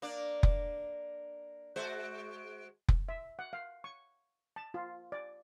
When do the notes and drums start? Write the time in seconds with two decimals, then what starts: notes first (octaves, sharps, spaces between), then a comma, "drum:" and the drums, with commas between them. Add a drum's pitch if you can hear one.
0.02 A#3 D4 D5
0.43 drum: kick F1
1.76 G#3 F#4 C5
2.89 drum: kick F1
3.09 E5
3.39 F#5
3.53 F5
3.84 C#6
4.56 A5
4.74 F4
5.12 D5